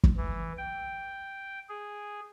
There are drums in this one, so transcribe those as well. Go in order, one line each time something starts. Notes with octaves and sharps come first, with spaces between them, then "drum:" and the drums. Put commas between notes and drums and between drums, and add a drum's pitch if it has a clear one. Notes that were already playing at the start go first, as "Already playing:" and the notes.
drum: kick
E3
G5
G#4